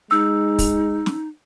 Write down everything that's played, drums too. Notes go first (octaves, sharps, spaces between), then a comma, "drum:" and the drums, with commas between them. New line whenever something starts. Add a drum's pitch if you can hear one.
G#3 D#4 E6
drum: kick, open hi-hat
drum: snare